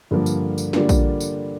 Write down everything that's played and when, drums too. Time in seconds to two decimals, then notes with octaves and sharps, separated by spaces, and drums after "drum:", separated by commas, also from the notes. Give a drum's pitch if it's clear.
0.11 G2 D3 F3 A#3
0.26 drum: tambourine
0.58 drum: tambourine
0.73 D3 G3 A#3 D4 F4, drum: snare
0.89 drum: kick A#1, tambourine
1.21 drum: tambourine